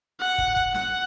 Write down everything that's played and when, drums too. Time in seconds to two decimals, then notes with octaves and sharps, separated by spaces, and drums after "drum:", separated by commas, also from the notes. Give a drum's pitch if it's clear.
0.20 F#5
0.38 drum: kick
0.56 drum: kick
0.74 F#5, drum: snare